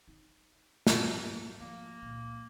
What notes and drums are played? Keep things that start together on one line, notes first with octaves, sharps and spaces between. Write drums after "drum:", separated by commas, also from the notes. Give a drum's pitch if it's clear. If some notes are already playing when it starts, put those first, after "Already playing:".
D#4
F#2 A#2, drum: snare
G#2
F3 A#3
C#2 A#2